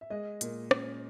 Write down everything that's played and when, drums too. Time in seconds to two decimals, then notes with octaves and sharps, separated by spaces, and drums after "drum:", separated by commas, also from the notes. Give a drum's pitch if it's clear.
0.01 E5
0.10 G#3 D#5
0.41 A#2, drum: hi-hat
0.71 C#4, drum: rim click